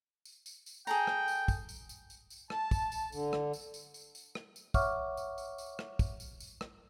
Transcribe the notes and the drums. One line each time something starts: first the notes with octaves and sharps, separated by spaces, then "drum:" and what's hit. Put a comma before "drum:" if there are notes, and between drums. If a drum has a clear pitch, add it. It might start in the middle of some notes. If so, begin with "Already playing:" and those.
drum: tambourine
drum: tambourine
drum: tambourine
G#4 A4 G5 A#5, drum: tambourine
drum: rim click
drum: tambourine
drum: kick, tambourine
drum: tambourine
drum: tambourine
drum: tambourine
drum: tambourine
A5, drum: rim click
drum: kick, tambourine
drum: tambourine
D3, drum: tambourine
drum: rim click
drum: tambourine
drum: tambourine
drum: tambourine
drum: tambourine
drum: rim click
drum: tambourine
C#5 E5 F#5 C#6 D6 F6, drum: kick, tambourine
drum: tambourine
drum: tambourine
drum: tambourine
drum: rim click
drum: kick, tambourine
drum: tambourine
drum: tambourine
drum: rim click